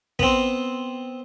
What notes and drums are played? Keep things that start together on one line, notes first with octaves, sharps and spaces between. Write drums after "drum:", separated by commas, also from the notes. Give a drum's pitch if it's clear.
B3 C4, drum: kick